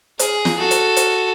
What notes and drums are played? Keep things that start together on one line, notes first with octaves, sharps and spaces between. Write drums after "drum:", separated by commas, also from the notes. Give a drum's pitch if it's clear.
G#4, drum: hi-hat
drum: snare
F#4 A4
drum: hi-hat
drum: hi-hat